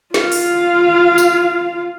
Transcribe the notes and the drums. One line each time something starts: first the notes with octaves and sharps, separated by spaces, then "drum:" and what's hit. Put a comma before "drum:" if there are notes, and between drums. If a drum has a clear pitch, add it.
F4 F5, drum: snare
drum: open hi-hat
drum: tambourine